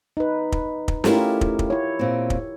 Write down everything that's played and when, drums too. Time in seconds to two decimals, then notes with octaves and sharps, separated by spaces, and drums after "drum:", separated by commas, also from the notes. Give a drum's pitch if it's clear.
0.17 D#4 B4
0.52 drum: kick
0.88 drum: kick
1.04 A3 C#4 E4 F4 G4 A#4, drum: snare
1.41 drum: kick
1.59 drum: kick
1.70 E4 C#5
1.99 A#2 C4
2.30 drum: kick